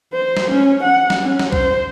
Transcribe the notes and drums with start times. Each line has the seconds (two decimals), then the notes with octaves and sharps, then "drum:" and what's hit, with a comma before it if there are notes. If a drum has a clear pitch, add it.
0.13 C5
0.37 drum: snare
0.51 C#4, drum: tom G#3
0.84 F#5
1.10 drum: snare
1.22 C#4
1.39 drum: snare
1.53 C5, drum: kick B1